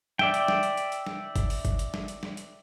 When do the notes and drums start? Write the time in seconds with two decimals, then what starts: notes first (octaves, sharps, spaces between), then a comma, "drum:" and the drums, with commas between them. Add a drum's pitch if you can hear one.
0.19 D5 E5 G5, drum: snare
0.34 drum: hi-hat
0.48 drum: snare
0.63 drum: hi-hat
0.77 drum: hi-hat
0.92 drum: hi-hat
1.07 drum: snare
1.36 drum: kick G1, hi-hat
1.50 drum: open hi-hat
1.65 drum: kick G1, hi-hat
1.79 drum: hi-hat
1.94 drum: snare
2.08 drum: hi-hat
2.23 drum: snare
2.37 drum: hi-hat